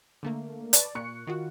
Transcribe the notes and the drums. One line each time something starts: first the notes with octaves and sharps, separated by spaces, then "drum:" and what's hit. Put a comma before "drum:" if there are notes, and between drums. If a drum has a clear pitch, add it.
D3 A3 A#3
B4 C#5 D5 A5, drum: hi-hat
A#2 C#6 F#6 C#7
D#3 F4 F#4